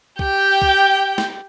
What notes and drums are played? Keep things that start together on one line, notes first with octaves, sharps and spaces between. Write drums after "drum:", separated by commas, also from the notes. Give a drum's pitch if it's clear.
G4 G5, drum: kick
drum: kick
drum: snare